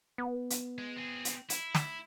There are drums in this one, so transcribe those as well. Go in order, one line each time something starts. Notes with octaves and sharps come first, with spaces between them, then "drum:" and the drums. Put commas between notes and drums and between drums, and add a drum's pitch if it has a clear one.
B3
drum: hi-hat
G#3
C4 G#4
drum: hi-hat
E4, drum: hi-hat
drum: snare